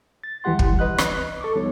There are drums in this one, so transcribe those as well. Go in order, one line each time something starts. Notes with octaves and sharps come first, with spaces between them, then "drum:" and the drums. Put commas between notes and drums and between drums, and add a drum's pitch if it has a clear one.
A6
D#2 E3 G3 G4 F#5 C6
drum: kick
D2 B4 D#5 F#6
drum: rim click
A4 C#6 D6
C2 F3 G3 B3 D#4 C#5